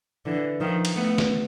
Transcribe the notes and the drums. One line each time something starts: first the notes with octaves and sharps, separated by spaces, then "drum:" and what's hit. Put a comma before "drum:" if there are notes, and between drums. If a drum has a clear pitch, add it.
D3 E3
D#3 F3
drum: cymbal
A3 B3
drum: snare